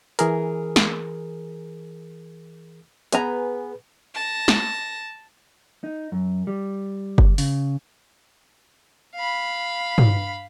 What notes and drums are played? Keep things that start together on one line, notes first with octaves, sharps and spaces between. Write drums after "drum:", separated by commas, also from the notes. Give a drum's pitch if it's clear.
E3 G#4 A#4, drum: hi-hat
drum: snare
B3 G#4 B4 G#5 A#5, drum: hi-hat
A5 A#6
drum: snare
D#4
F#2
G3
drum: kick F#1
C#3, drum: open hi-hat
F5 B5
drum: tom